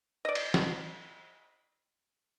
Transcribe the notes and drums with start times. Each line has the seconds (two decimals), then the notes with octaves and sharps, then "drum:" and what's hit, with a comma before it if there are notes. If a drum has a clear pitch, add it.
0.25 D5 D#5
0.35 drum: cymbal
0.54 drum: snare